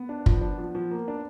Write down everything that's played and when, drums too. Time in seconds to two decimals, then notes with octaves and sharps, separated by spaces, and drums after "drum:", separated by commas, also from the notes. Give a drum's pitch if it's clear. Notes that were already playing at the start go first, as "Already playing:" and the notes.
Already playing: B3
0.09 D4
0.26 F3, drum: kick
0.41 D4
0.58 F3
0.75 F3
0.91 A#3
1.08 D4